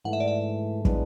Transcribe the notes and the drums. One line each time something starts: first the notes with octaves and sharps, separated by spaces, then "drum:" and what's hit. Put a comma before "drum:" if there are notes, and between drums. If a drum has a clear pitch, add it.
G#2 E3 A3 F#5
E5
D5
E5
E3 G#3 B3 D4, drum: kick